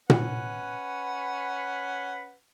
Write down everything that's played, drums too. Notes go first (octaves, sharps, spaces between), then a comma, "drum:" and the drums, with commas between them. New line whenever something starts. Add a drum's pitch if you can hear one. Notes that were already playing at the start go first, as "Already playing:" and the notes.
C#4 B4 F#5, drum: tom A#2